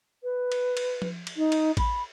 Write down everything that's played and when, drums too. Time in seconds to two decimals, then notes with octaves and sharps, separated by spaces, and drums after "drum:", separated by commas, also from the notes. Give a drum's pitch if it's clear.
0.22 B4
0.52 drum: cymbal
0.77 drum: cymbal
1.02 drum: tom F3
1.27 drum: cymbal
1.36 D#4
1.52 drum: cymbal
1.77 B5, drum: kick A1, cymbal